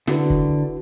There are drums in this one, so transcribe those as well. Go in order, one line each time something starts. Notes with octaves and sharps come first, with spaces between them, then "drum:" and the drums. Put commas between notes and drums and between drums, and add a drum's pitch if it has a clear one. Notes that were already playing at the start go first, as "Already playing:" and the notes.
D3 E4 F#4 B4, drum: snare
drum: kick